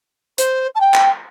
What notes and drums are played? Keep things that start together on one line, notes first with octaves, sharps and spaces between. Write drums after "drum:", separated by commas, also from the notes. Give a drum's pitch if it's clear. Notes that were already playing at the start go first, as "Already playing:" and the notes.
C5, drum: hi-hat
A5
G5
drum: clap